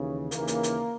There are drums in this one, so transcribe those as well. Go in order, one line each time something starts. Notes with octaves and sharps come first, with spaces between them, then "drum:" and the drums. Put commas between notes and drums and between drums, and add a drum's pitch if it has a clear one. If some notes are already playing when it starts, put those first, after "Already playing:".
Already playing: D#2 C#3 E3
D#2 C#3 E3 A#3, drum: hi-hat
drum: hi-hat
drum: hi-hat